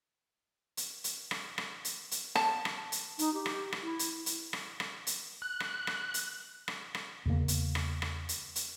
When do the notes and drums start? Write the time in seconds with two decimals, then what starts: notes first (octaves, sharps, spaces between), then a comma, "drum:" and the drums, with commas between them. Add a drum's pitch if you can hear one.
0.77 drum: hi-hat
1.04 drum: hi-hat
1.31 drum: rim click
1.58 drum: rim click
1.85 drum: hi-hat
2.11 drum: hi-hat
2.35 A5, drum: rim click
2.65 drum: rim click
2.92 drum: hi-hat
3.19 D#4, drum: hi-hat
3.34 G4
3.46 drum: rim click
3.72 drum: rim click
3.83 E4
3.99 drum: hi-hat
4.26 drum: hi-hat
4.53 drum: rim click
4.80 drum: rim click
5.07 drum: hi-hat
5.42 F#6
5.60 drum: rim click
5.87 drum: rim click
6.14 drum: hi-hat
6.68 drum: rim click
6.95 drum: rim click
7.26 E2 C#3 A#3
7.48 drum: hi-hat
7.75 drum: rim click
8.02 drum: rim click
8.29 drum: hi-hat
8.56 drum: hi-hat